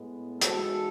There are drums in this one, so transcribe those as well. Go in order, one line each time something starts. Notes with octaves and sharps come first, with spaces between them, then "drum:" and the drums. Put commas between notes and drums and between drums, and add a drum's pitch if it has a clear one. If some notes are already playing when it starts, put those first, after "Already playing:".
Already playing: A2 G#3 B3
G#2 E3 G#3 F#4 A4, drum: hi-hat